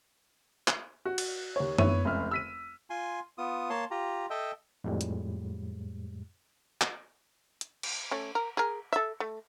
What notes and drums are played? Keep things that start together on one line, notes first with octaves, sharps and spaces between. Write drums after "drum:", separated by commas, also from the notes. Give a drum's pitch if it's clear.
drum: clap
F#4
drum: cymbal
D#2 C#5
B3 E4 C#5 D#7, drum: tom F#2
F1 C#2 E5 F6
E6 B6 D#7
F4 G#5 C6
B3 F4 D#6
A#3 C#5 A5 C6
F4 G4 A#5
A4 D#5 E5 G5
F2 A2 G3 G#3
drum: hi-hat
drum: clap
drum: hi-hat
drum: cymbal
A3 C#4
A#4
G#4 A#4
A4 E5
A3